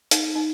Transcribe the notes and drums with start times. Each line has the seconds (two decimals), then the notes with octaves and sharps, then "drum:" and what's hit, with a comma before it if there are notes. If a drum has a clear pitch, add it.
0.11 D#4, drum: hi-hat
0.35 D#4